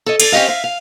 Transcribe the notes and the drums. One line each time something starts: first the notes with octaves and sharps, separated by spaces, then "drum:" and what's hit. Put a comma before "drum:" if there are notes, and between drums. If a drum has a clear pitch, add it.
A4 C#5 D#5
A4 D5, drum: cymbal
C4 C#4 G4 D#5 F5
E5 F5
F5